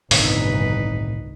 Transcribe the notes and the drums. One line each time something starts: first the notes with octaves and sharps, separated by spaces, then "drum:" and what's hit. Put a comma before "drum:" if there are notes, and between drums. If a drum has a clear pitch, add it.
G1 C2 A2 C3 D#3 D#4 B4, drum: open hi-hat